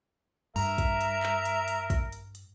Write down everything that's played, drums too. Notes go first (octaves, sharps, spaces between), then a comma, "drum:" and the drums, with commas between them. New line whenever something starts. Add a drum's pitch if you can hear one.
G2 A#4 E5 A#5, drum: open hi-hat
drum: kick, hi-hat
drum: hi-hat
drum: clap
drum: hi-hat
drum: hi-hat
drum: kick, hi-hat
drum: hi-hat
drum: hi-hat